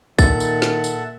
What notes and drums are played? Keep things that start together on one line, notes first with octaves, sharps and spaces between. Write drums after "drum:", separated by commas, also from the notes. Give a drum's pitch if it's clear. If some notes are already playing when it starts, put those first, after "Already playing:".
A#2 D#3 A4 E5 F#5 A6, drum: kick, tambourine
drum: tambourine
drum: snare
drum: tambourine